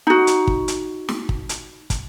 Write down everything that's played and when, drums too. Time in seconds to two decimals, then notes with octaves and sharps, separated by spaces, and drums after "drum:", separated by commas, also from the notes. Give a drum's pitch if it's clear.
0.07 D#4 F#4
0.27 drum: hi-hat
0.47 drum: kick
0.68 drum: hi-hat
1.09 drum: snare
1.29 drum: kick
1.49 drum: hi-hat
1.90 drum: kick, hi-hat